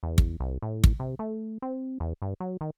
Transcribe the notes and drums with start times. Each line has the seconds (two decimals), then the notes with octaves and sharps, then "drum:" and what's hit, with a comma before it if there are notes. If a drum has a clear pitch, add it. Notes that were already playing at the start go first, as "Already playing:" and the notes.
0.03 E2
0.18 drum: kick
0.40 C2
0.62 A2
0.84 drum: kick
1.00 C3
1.19 A3
1.62 C4
2.00 E2
2.22 G2
2.40 F#3
2.61 D#3